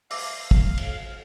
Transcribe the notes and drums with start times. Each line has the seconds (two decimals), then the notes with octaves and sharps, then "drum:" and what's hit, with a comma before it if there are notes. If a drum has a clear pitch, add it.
0.11 E5 F5 D6 E6, drum: open hi-hat
0.51 drum: kick
0.78 drum: cymbal